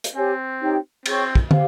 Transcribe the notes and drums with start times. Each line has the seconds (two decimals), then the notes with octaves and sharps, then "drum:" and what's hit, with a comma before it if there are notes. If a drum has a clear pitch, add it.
0.04 drum: hi-hat
0.15 C4 G4 C#5 G#5
0.61 D#4 G4 C#5 G5
1.06 C4 G#4 C#5 G5 C#6, drum: cymbal
1.35 drum: kick
1.51 G4 C5 F5, drum: tom